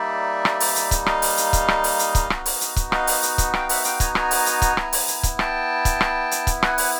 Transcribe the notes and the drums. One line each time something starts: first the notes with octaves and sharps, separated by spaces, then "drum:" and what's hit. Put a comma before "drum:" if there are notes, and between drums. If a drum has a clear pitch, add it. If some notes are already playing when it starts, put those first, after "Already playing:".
Already playing: G3 A#3 D#4 D5 E5
drum: rim click
drum: open hi-hat
drum: hi-hat
drum: kick, hi-hat
D#5 F5, drum: rim click
drum: open hi-hat
drum: hi-hat
drum: kick, hi-hat
drum: rim click
drum: open hi-hat
drum: hi-hat
drum: kick, hi-hat
B3 D#4 F#4, drum: rim click
drum: open hi-hat
drum: hi-hat
drum: kick, hi-hat
D#5 F5, drum: rim click
drum: open hi-hat
drum: hi-hat
drum: kick, hi-hat
F5 G5, drum: rim click
E5 F#5, drum: open hi-hat
F5 G5, drum: hi-hat
G#5 A#5, drum: kick, hi-hat
G#5 A#5, drum: rim click
drum: open hi-hat
drum: hi-hat
drum: kick, hi-hat
B3 E4, drum: rim click
drum: open hi-hat
drum: hi-hat
drum: kick, hi-hat
G5 A5, drum: rim click
drum: kick, hi-hat
drum: rim click
drum: hi-hat
drum: kick, hi-hat
F#5 G#5, drum: rim click
drum: open hi-hat